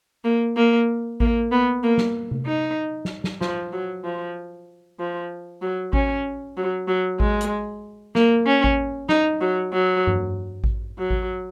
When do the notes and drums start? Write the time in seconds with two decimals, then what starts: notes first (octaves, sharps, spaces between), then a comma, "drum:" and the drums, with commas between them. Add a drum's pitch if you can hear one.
0.24 A#3
0.57 A#3
1.20 A#3, drum: kick A1
1.52 B3
1.83 A#3
1.98 drum: snare
2.31 drum: tom C3
2.46 D#4
3.05 drum: snare
3.24 drum: snare
3.41 F3, drum: snare
3.73 F#3
4.04 F3
4.99 F3
5.62 F#3
5.93 C#4, drum: kick A1
6.57 F#3
6.88 F#3
7.20 G#3, drum: kick A1
7.41 drum: hi-hat
8.15 A#3, drum: snare
8.47 C#4
8.64 drum: kick A1
9.09 D#4, drum: snare
9.41 F#3
9.73 F#3
10.07 drum: tom G2
10.64 drum: kick A1
10.99 F#3
11.11 drum: kick A1